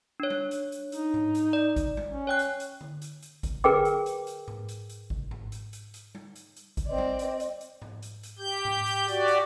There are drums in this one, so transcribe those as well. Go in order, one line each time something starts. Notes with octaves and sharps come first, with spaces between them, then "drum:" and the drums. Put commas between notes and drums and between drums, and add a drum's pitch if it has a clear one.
D4 C#5
drum: tom G3
drum: hi-hat
drum: hi-hat
D#4, drum: hi-hat
drum: tom G#2
drum: hi-hat
D5
drum: kick G#1, hi-hat
drum: tom G3
C#4
C#5 G5 F#6
drum: hi-hat
drum: hi-hat
drum: tom D3
drum: hi-hat
drum: hi-hat
drum: kick G#1, hi-hat
G#4 A#4 B4 G5 D6, drum: tom D3
drum: hi-hat
drum: hi-hat
drum: hi-hat
drum: tom G#2
drum: hi-hat
drum: hi-hat
drum: kick G#1
drum: tom G#2
drum: hi-hat
drum: hi-hat
drum: hi-hat
drum: tom G3
drum: hi-hat
drum: hi-hat
drum: kick G#1, hi-hat
C4 D5 D#5
drum: tom G3
drum: hi-hat
drum: hi-hat
drum: hi-hat
drum: tom G#2
drum: hi-hat
drum: hi-hat
G4 G6
drum: tom G#2
drum: hi-hat
F#4 G4 D5, drum: hi-hat
drum: hi-hat